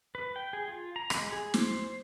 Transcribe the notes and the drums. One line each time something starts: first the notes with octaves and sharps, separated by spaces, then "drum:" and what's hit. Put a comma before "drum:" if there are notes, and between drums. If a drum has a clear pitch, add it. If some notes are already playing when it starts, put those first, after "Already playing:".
B4
G5
G#4
F4
A#5
G#3, drum: rim click
G#4
C5, drum: snare